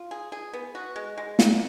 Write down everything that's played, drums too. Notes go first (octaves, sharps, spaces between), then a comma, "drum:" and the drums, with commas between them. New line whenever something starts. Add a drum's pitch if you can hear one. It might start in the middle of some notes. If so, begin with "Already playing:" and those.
Already playing: F4
G#4
G#4
B3
F#4
G#3
G#3
B2, drum: snare